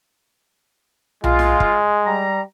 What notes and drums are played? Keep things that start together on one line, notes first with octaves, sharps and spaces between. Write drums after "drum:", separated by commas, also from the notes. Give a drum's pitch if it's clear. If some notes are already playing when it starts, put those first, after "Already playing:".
G#3 F4, drum: tom B1
drum: snare
drum: kick
G3 A#5